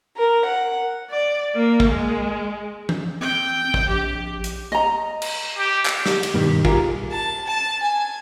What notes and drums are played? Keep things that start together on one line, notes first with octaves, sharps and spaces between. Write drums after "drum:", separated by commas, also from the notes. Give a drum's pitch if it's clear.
A#4
F#5
D5
A#3
drum: kick
G#3
drum: tom E3
C4 G5
drum: kick
A#1 G4
drum: hi-hat
D#5 A#5
drum: cymbal
G4
drum: clap
G4, drum: snare
drum: cymbal
G2 B2 D#3
F4 G#4 A#4, drum: kick
A5
A5
G#5